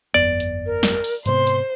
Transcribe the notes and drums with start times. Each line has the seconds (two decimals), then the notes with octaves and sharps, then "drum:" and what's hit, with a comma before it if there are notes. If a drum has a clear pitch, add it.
0.14 G1 F2 B3 D5
0.40 drum: hi-hat
0.66 A#4
0.83 drum: snare
1.04 drum: open hi-hat
1.26 G#2 C3 B3 C5 C6, drum: hi-hat
1.47 drum: hi-hat